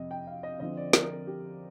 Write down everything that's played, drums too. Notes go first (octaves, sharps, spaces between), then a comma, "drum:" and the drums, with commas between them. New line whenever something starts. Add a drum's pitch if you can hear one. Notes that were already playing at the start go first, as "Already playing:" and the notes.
Already playing: F2 C3 D#5
G5
F5
D#5
D3 F3 C4 D#5
D5
A#4, drum: snare
G4